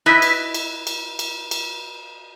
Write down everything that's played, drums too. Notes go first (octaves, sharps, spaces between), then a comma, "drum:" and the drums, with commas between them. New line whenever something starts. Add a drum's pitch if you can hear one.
E4 B4 D#5 E5
drum: cymbal
drum: cymbal
drum: cymbal
drum: cymbal
drum: cymbal